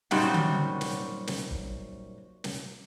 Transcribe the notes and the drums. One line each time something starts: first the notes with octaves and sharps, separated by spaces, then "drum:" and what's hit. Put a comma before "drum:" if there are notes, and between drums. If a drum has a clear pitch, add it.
F#2 A#2 G3 C4 D#4 F#4, drum: snare
drum: tom D3
drum: snare
drum: snare
drum: kick G1
drum: snare